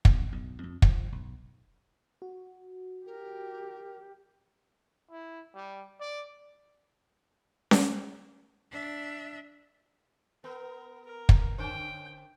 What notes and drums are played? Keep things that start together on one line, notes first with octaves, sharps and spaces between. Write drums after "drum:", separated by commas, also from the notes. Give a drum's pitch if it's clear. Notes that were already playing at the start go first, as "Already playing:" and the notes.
B1, drum: kick
B1
F2
F3, drum: kick
B1
F#4
G4 A#4
E4
G3
D5
drum: snare C#4
D4 E5
B3 A#4
A#4
drum: kick
D3 C#4 C5 G5